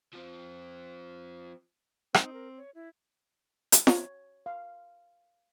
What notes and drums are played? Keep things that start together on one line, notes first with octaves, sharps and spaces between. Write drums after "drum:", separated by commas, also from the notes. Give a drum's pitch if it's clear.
F3 C4
C4 D#4, drum: rim click
A#4
C#5
E4
drum: hi-hat
C#5, drum: snare F4
F5